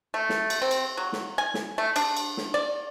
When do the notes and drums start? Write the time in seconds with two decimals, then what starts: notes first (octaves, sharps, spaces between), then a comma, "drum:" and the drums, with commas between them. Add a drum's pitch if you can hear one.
0.14 A3
0.29 drum: snare
0.50 drum: cymbal
0.62 C4
0.71 drum: cymbal
0.97 F#3
1.13 drum: snare
1.38 G#5
1.54 drum: snare
1.78 A3
1.96 D4, drum: cymbal
2.17 drum: cymbal
2.37 drum: snare
2.54 D5